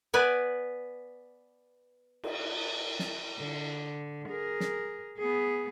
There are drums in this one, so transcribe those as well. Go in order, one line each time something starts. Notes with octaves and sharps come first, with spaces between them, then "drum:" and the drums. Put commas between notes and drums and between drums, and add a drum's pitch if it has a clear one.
B3 B4 D5 G#5
drum: cymbal
drum: snare
D3
G#4 A#4
drum: snare
B3 G#4